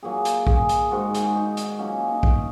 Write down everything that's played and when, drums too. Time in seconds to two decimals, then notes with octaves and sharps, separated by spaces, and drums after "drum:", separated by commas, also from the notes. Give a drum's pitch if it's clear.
0.03 A#2 F#3 A#3 G#4
0.25 drum: hi-hat
0.47 G#4, drum: kick A#1
0.69 drum: hi-hat
0.91 G#2 D#3 G#3 F#4
1.15 G#4, drum: hi-hat
1.25 F#4
1.36 D#4
1.57 drum: hi-hat
1.78 A#2 F#3 A#3 C#4
2.08 D#4
2.23 drum: kick A#1